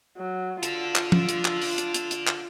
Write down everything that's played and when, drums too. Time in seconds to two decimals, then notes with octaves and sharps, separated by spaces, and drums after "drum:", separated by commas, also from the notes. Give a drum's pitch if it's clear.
0.18 F#3
0.63 D4 F4 A4, drum: hi-hat
0.96 drum: clap
1.12 drum: tom F3
1.29 drum: hi-hat
1.45 drum: clap
1.62 drum: open hi-hat
1.78 drum: hi-hat
1.94 drum: hi-hat
2.11 drum: hi-hat
2.27 drum: clap